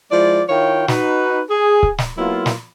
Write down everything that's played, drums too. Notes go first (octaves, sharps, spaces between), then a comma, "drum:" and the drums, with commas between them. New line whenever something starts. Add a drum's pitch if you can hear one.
F3 G#3 E4 D5
D#3 E4 F4 C#5 F5 G5
D#4 F#4 B4, drum: snare
G#4
drum: kick C#1
drum: snare
F#3 A#3 B3 E4 F4
drum: snare